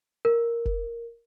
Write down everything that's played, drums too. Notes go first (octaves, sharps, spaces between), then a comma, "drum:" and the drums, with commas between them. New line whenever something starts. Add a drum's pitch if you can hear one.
A#4
drum: kick F1